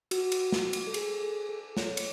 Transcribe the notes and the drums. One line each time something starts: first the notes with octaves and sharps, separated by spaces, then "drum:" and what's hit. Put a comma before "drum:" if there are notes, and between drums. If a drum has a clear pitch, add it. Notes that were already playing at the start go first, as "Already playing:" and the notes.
F#4, drum: cymbal
drum: cymbal
drum: snare
drum: cymbal
A4
G#4, drum: cymbal
G#4
A4
C#5, drum: snare
drum: cymbal